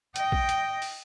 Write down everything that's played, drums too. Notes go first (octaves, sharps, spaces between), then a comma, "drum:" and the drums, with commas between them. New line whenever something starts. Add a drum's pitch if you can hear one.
D#5 G5, drum: hi-hat
drum: kick A#1
drum: hi-hat
drum: open hi-hat